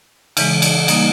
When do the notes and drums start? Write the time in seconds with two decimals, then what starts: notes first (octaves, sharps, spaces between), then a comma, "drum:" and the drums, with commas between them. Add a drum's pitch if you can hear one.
0.37 C#3 E3 G#3, drum: cymbal
0.62 drum: cymbal
0.88 G3 A#3 D#4, drum: cymbal